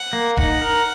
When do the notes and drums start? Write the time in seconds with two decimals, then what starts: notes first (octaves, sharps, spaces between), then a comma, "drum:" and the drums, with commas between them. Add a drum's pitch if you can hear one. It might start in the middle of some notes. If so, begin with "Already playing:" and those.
Already playing: F#5
0.13 A#3
0.37 D#4 F#5, drum: kick E1
0.62 A#4